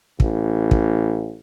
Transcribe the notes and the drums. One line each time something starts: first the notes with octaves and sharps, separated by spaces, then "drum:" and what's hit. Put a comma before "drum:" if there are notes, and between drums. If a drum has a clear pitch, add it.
A1, drum: kick
drum: kick